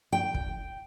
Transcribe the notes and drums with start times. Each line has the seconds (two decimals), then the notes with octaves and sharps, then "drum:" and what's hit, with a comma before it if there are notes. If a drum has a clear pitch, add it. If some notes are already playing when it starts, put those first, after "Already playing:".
0.12 G5
0.34 drum: kick